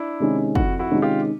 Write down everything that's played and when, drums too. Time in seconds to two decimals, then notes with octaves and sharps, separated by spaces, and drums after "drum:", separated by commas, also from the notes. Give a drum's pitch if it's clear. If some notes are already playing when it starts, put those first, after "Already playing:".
Already playing: D4 E4
0.20 C3 D#3 G#3 C#4
0.55 F2 E4 F#4, drum: kick
0.79 E4 F#4
0.91 C3 D#3 G#3 C#4
1.02 F4 G4